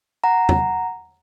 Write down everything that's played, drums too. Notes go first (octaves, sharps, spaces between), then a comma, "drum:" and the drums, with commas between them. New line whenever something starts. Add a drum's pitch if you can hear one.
F#5 A#5
drum: tom E2